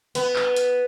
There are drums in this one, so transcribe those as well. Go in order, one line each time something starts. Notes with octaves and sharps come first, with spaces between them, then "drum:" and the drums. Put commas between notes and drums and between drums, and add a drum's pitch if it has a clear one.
B3, drum: hi-hat
drum: clap
drum: hi-hat